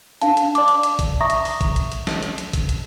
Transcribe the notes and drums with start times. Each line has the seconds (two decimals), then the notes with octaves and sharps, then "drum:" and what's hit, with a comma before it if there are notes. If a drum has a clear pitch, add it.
0.21 D4 F5 A5, drum: hi-hat
0.37 drum: hi-hat
0.55 D5 A5 D6, drum: hi-hat
0.68 drum: hi-hat
0.83 drum: hi-hat
0.99 drum: kick A1, hi-hat
1.20 E5 A#5 C#6 D#6 A#6
1.30 drum: hi-hat
1.45 drum: open hi-hat
1.61 drum: kick A1, hi-hat
1.76 drum: hi-hat
1.92 drum: hi-hat
2.07 drum: snare
2.23 drum: hi-hat
2.38 drum: hi-hat
2.53 drum: kick A1, hi-hat
2.69 drum: hi-hat